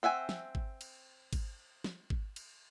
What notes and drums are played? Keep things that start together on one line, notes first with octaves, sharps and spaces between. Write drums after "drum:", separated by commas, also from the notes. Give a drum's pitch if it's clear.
C4 E5 F#5 G#5
drum: snare
drum: kick G#1
drum: cymbal
drum: kick G#1, cymbal
drum: snare
drum: kick G#1
drum: cymbal